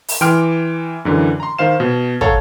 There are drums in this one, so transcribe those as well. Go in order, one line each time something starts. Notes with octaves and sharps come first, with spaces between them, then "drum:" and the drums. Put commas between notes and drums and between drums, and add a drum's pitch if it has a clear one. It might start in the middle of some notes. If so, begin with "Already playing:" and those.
drum: open hi-hat
E3 G5 C6 D6 F6 D7
F#2 D3 E3
A#5 C6
D#3 C5 F5 E7
B2
A4 C#5 F5 F#5 A#5, drum: kick